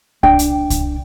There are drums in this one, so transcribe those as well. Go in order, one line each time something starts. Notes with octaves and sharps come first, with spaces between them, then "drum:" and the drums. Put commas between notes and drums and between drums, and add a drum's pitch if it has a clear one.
D4 G5, drum: kick C2
drum: hi-hat
drum: kick C2, hi-hat